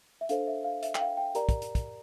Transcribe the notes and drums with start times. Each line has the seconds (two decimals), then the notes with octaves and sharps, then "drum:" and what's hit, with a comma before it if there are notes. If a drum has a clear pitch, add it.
0.21 E5
0.29 D4 A4 C5 F5, drum: hi-hat
0.47 E5
0.64 F5
0.83 E5, drum: hi-hat
0.95 G5, drum: clap
1.01 F5
1.17 G5
1.35 G4 A#4 D5 A#5, drum: hi-hat
1.49 drum: kick, hi-hat
1.62 drum: hi-hat
1.75 drum: kick, hi-hat